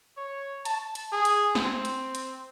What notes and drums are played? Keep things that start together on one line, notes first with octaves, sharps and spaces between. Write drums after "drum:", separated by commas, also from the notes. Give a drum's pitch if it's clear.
C#5
A5, drum: hi-hat
drum: hi-hat
G#4
drum: hi-hat
C4, drum: snare
drum: hi-hat
drum: hi-hat